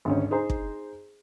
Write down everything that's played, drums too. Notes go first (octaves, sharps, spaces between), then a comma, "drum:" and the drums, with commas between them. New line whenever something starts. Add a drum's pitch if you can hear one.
G#1 D2 C#4
D#4 G#4 C5 A#5
drum: kick